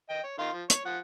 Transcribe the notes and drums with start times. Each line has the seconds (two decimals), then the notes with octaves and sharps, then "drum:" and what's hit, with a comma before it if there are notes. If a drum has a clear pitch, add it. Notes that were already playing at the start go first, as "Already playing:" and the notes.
0.10 D#5 G5
0.24 C#5
0.39 D#3 F5 C6
0.53 F3
0.70 C#5 C#6, drum: hi-hat
0.85 F3 F#5